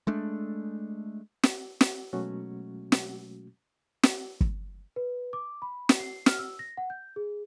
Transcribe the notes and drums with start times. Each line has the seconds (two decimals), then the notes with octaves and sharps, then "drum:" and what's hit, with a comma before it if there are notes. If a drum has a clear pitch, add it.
0.07 G#3 A3 D4
1.43 drum: snare
1.81 drum: snare
2.13 B2 F#3 G#3 A3 C#4 F#4
2.92 drum: snare
4.03 drum: snare
4.41 drum: kick
4.96 B4
5.33 D6
5.62 B5
5.89 drum: snare
6.00 C7
6.26 F6, drum: snare
6.39 E6
6.59 A#6
6.77 F#5
6.90 G6
7.16 G#4